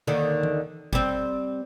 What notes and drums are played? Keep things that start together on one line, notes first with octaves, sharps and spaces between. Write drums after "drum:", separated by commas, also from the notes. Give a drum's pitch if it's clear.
D#2 D3 D#3
drum: tom E3
G3 C4, drum: kick G1